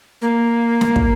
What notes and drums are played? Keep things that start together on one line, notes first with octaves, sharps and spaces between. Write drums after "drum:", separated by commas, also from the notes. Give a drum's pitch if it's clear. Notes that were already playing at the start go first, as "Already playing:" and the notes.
A#3
drum: snare
drum: kick